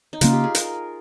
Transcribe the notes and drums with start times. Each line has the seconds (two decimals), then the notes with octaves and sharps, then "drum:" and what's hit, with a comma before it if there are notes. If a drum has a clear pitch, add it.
0.13 D#4
0.21 C#3 G3 A#3 C#4 F4, drum: hi-hat
0.33 G4
0.44 G#4
0.55 A#4, drum: hi-hat